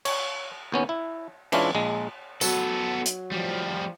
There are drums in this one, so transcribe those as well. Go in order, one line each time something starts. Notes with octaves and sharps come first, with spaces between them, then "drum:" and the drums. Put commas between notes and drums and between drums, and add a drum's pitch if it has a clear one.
C#5, drum: cymbal
D#2 B3 C#4
E4
E3 G#3 C#4 D4 E4 F4, drum: cymbal
A#1 G#3
F#3 B3 A4, drum: tambourine
drum: hi-hat
F3 G3